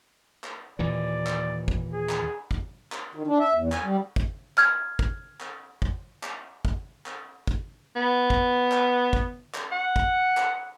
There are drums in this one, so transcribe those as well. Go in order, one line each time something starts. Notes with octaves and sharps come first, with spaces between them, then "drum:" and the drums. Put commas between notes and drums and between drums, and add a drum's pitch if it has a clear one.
drum: clap
D#2 A#2 E3 D5
drum: clap
drum: kick
G#4
drum: clap
drum: kick
drum: clap
D#3
D4
E5
E2
G#5, drum: clap
G3
drum: kick
F6 G#6, drum: clap
drum: kick
drum: clap
drum: kick
drum: clap
drum: kick
drum: clap
drum: kick
B3
drum: kick
drum: clap
drum: kick
drum: clap
F#5
drum: kick
drum: clap